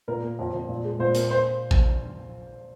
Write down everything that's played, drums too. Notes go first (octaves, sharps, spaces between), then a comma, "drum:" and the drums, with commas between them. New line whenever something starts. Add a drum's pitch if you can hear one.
A#2 A#4
A#3
F2
F2
A#2
G#3
A#2 C5
A#3, drum: hi-hat
C5
drum: kick A1